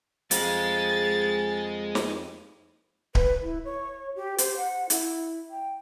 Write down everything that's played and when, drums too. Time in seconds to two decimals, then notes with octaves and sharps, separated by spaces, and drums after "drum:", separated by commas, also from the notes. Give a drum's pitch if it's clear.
0.31 F2 G#3 A6, drum: hi-hat
1.95 drum: snare
3.15 B4, drum: kick D1
3.42 E4
3.65 C#5
4.16 G4
4.38 C5, drum: hi-hat
4.57 F#5
4.90 E4, drum: hi-hat
5.51 G5